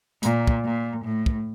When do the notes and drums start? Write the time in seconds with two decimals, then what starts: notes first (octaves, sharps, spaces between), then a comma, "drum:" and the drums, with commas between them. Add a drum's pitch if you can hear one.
0.23 A#2, drum: hi-hat
0.47 drum: kick
0.65 A#2
1.05 A2
1.26 drum: kick